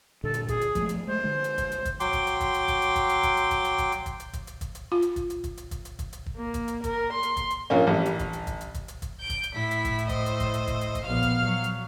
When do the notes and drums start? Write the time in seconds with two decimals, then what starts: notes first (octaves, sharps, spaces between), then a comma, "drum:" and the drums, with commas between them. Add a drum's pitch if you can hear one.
0.24 G2 A#2 D3 A4
0.34 drum: hi-hat
0.48 G#4, drum: kick, hi-hat
0.61 drum: hi-hat
0.75 F3 G#3 A3, drum: kick, hi-hat
0.89 drum: hi-hat
1.07 G#3 A3 C5
1.24 D3 G#3
1.44 drum: hi-hat
1.58 drum: kick, hi-hat
1.72 drum: hi-hat
1.85 drum: kick, hi-hat
2.00 F#3 G5 C6 D6, drum: hi-hat
2.13 drum: kick, hi-hat
2.27 drum: hi-hat
2.40 drum: kick, hi-hat
2.54 drum: hi-hat
2.68 drum: kick, hi-hat
2.82 drum: hi-hat
2.96 drum: kick, hi-hat
3.09 drum: hi-hat
3.23 drum: kick, hi-hat
3.37 drum: hi-hat
3.51 drum: kick, hi-hat
3.64 drum: hi-hat
3.78 drum: kick, hi-hat
3.92 drum: hi-hat
4.06 drum: kick, hi-hat
4.20 drum: hi-hat
4.33 drum: kick, hi-hat
4.47 drum: hi-hat
4.61 drum: kick, hi-hat
4.75 drum: hi-hat
4.92 F4
5.02 drum: hi-hat
5.16 drum: kick, hi-hat
5.30 drum: hi-hat
5.44 drum: kick, hi-hat
5.57 drum: hi-hat
5.71 drum: kick, hi-hat
5.85 drum: hi-hat
5.99 drum: kick, hi-hat
6.13 drum: hi-hat
6.26 drum: kick
6.36 A#3
6.54 drum: kick, hi-hat
6.68 drum: hi-hat
6.84 A#4, drum: kick, hi-hat
7.13 C6
7.23 drum: hi-hat
7.37 drum: kick, hi-hat
7.50 drum: hi-hat
7.70 A#1 A#2 A#3 C#4 C#5
7.87 A1 G3
8.06 drum: hi-hat
8.19 drum: kick, hi-hat
8.33 drum: hi-hat
8.47 drum: kick, hi-hat
8.61 drum: hi-hat
8.74 drum: kick, hi-hat
8.88 drum: hi-hat
9.02 drum: kick, hi-hat
9.20 G6 D7
9.30 drum: kick, hi-hat
9.43 drum: hi-hat
9.54 A2 E4 B6
9.71 drum: hi-hat
9.85 drum: kick, hi-hat
9.98 drum: hi-hat
10.09 C5 D#5, drum: kick, hi-hat
10.26 drum: hi-hat
10.40 drum: kick, hi-hat
10.54 drum: hi-hat
10.67 drum: kick, hi-hat
10.81 drum: hi-hat
10.95 drum: kick, hi-hat
11.05 A#1 B3 F5 F6
11.22 drum: kick, hi-hat
11.44 F#3
11.64 drum: hi-hat